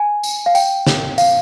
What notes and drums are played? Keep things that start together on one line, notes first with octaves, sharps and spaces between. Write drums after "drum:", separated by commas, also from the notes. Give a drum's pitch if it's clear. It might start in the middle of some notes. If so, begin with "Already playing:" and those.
Already playing: G#5
drum: tambourine
F5
G5, drum: tambourine
drum: snare
F5, drum: tambourine